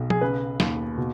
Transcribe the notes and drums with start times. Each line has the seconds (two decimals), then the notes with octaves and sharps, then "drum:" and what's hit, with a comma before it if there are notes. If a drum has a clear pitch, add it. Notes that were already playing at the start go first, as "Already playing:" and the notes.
Already playing: B1 B2
0.10 G#4, drum: tom
0.21 C#3 B4
0.60 D#2, drum: snare
0.97 B2